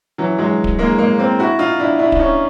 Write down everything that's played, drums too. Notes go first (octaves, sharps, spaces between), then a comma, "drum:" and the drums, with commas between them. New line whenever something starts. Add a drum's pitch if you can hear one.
E3 F#3
F#3 G#3
drum: kick D1
G#3 A#3
G#3 A#3
A#3 C4
E4 F#4
D#4 F4
D4 E4
D4 E4
D4, drum: kick D1
C#4 D#4